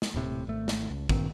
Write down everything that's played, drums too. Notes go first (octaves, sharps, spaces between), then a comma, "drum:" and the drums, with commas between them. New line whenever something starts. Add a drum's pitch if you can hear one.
drum: snare
D#1 A2 C3
G#1 A3
drum: snare
C#2
G2 A#2 D#3 C4, drum: kick